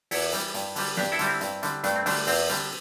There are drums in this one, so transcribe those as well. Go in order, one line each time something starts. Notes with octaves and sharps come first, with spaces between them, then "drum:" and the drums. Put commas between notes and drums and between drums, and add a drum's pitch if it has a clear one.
E2 E4 A4, drum: open hi-hat
E3 G3, drum: hi-hat
G2, drum: hi-hat
D3 G3, drum: open hi-hat
G2 D4 G4, drum: snare
E4 A4
D3 G3, drum: hi-hat
C4 E4
G2, drum: hi-hat
D3 G3, drum: hi-hat
G2 A3 D4, drum: hi-hat
C4
D3 G3 A3 D4, drum: open hi-hat
E2 C4, drum: open hi-hat
D3 G3, drum: hi-hat